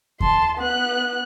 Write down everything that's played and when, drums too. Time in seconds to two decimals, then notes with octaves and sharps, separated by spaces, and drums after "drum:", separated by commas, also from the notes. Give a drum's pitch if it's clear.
0.20 A5 C6, drum: kick D#2
0.59 B3 F#6